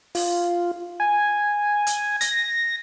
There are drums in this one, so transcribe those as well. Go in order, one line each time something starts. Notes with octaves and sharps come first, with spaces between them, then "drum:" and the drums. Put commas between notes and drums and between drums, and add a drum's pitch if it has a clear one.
F4, drum: open hi-hat
G#5
drum: hi-hat
A#6, drum: hi-hat